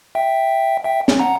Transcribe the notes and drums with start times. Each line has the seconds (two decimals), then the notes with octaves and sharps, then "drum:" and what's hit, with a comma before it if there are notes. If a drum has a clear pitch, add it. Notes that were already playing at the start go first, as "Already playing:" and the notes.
0.15 E5 G5
0.84 E5 G5
1.08 drum: snare
1.19 F#5 A#5